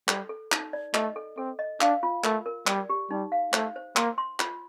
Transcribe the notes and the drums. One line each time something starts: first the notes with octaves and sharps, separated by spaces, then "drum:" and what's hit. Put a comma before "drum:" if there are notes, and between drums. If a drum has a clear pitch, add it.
G3 A4, drum: clap
A4
D#4, drum: clap
D5
A3 D#5, drum: clap
A4
C4 A4
D#5
D4 F5, drum: clap
F4
A3 A#4, drum: clap
A#4
G3 D5, drum: clap
G4
G3 D#4
F5
A3 C5, drum: clap
C5
A#3 C6, drum: clap
C6
F4, drum: clap